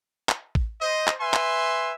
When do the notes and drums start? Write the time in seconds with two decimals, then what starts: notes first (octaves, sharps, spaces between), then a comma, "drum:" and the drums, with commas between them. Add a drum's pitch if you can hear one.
0.29 drum: clap
0.55 drum: kick A1
0.81 C5 D#5
1.07 drum: clap
1.21 B4 E5 G#5 C6
1.34 drum: clap